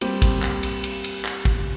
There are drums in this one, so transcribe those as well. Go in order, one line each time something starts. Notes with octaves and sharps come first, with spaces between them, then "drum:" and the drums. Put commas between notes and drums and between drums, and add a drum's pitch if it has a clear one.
G3 A#3 C4 G4, drum: cymbal
drum: kick, cymbal
drum: clap
drum: cymbal
drum: cymbal
drum: cymbal
drum: clap
drum: kick